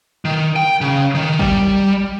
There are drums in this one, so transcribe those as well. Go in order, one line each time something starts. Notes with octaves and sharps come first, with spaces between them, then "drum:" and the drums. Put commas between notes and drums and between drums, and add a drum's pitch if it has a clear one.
D#3
G5
C#3
D#3
G3, drum: kick G#1